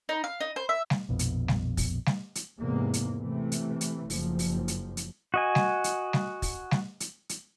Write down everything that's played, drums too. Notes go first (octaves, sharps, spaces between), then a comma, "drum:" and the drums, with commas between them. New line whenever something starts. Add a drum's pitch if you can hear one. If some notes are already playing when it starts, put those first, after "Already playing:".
D#4
F5
D#4
C5
E5
drum: snare G3
A#1 F2 B2
drum: hi-hat
drum: snare G3
drum: kick, open hi-hat
drum: snare G3
drum: hi-hat
E2 G#2 C3 G#3 A#3
drum: hi-hat
C3 E3 A3
drum: hi-hat
drum: hi-hat
F#1 F3, drum: open hi-hat
drum: open hi-hat
drum: hi-hat
drum: hi-hat
F#4 D#5 G#5
drum: snare G3
drum: hi-hat
drum: snare G3
drum: kick, open hi-hat
drum: snare G3
drum: hi-hat
drum: hi-hat